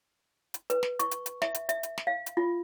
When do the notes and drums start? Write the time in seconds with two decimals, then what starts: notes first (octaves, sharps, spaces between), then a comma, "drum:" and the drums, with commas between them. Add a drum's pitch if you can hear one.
0.54 drum: hi-hat
0.70 B4, drum: hi-hat
0.83 drum: snare
0.99 C#6, drum: hi-hat
1.11 drum: hi-hat
1.26 drum: hi-hat
1.42 E5, drum: snare
1.54 drum: hi-hat
1.69 E5, drum: hi-hat
1.83 drum: hi-hat
1.98 drum: snare
2.07 F5
2.26 drum: hi-hat
2.37 F4